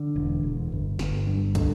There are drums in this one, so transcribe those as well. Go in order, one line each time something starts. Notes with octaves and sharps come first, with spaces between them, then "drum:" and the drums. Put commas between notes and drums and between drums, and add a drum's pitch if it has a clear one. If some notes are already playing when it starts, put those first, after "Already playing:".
Already playing: D3
E1
E1
G1
G1, drum: snare
G2
D3, drum: kick, hi-hat